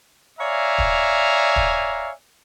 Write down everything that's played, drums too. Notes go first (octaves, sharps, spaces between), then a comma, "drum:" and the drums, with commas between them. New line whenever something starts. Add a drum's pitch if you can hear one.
C#5 D5 E5 F5 G#5 A#5
drum: kick
drum: kick